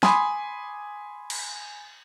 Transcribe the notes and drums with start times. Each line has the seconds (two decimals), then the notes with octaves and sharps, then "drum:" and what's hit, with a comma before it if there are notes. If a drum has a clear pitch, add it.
0.03 G#5 B5 C6 D6 D#6, drum: snare
1.30 drum: cymbal